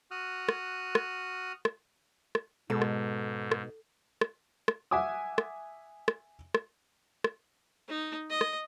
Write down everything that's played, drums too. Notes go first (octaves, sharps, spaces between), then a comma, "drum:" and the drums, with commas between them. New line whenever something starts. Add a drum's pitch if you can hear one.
F#4 D#6 F6 F#6
drum: rim click
drum: rim click
drum: rim click
drum: rim click
G#2 B2 G#3 A4
drum: rim click
drum: rim click
drum: rim click
drum: rim click
E5 F#5 G#5 D6 D#6
drum: rim click
drum: rim click
drum: rim click
drum: rim click
D#4
D#5
drum: rim click